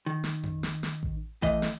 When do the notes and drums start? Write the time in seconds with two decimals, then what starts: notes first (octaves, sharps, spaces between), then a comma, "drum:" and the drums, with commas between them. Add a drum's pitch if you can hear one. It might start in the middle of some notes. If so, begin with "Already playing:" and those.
0.06 D#3
0.24 drum: snare
0.43 drum: tom F2
0.63 drum: snare
0.83 drum: snare
1.03 drum: kick A1
1.42 A2 E3 D#5, drum: kick A1
1.62 drum: snare